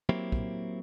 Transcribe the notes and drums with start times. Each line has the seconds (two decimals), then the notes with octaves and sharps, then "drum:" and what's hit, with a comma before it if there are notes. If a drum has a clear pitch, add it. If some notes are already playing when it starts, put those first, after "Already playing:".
0.09 F#3 A#3 C4 E4 G4
0.32 drum: kick